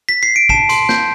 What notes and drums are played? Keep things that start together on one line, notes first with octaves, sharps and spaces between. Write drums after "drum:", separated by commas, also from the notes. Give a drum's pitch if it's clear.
B6
C7
D7
A5 C7 E7, drum: kick
C6, drum: hi-hat
G6, drum: snare